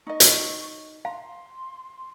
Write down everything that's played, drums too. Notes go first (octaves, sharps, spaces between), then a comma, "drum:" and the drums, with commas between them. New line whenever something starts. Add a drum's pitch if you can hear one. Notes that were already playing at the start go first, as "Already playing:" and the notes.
D#4 D#5 C#6
drum: hi-hat
F5 A#5 C6